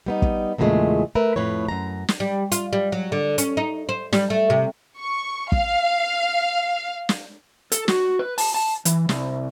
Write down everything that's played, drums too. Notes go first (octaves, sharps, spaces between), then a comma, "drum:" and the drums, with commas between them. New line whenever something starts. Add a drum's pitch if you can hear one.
G3 B3 D#4
drum: kick
E2 A#2 C#3 E3 G#3 A3
A3 A#4 B4 E5
F2 A2 B4 C#5
F#2 A#5
drum: snare
G3
F4, drum: hi-hat
G3
F#3
D3
C#4, drum: hi-hat
D#4
C5
G3, drum: snare
A3
C3
C#6
F5, drum: kick
drum: snare
A4, drum: hi-hat
F#4, drum: snare
B4
A5, drum: open hi-hat
A5
E3, drum: hi-hat
C2, drum: snare